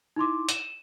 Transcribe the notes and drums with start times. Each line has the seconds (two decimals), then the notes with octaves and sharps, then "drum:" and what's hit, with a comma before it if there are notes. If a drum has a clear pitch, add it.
0.16 D#4 E4 C6 D6
0.49 D#7 E7, drum: hi-hat